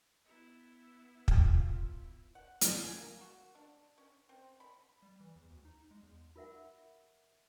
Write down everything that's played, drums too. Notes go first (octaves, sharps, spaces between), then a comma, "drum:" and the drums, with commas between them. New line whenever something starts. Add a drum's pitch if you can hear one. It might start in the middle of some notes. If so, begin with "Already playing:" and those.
B3 E4
drum: kick
F4
F#5
D3, drum: hi-hat
G#5
A#3
F#4
D4
C#4
C4
B5
G3
E3
E2
D2
D#4
G#3
E2
F4 A#4 E5 F#5